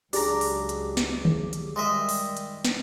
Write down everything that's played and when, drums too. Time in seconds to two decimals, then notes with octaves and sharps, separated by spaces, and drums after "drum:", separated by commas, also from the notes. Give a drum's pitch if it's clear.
0.13 C#2 F#3 D4 G4 G#4 A#5 D6, drum: open hi-hat
0.41 drum: open hi-hat
0.69 drum: hi-hat
0.97 drum: snare
1.25 drum: tom D3
1.53 drum: hi-hat
1.76 D#3 G3 G#3 D#5 E5
2.09 drum: open hi-hat
2.37 drum: hi-hat
2.65 drum: snare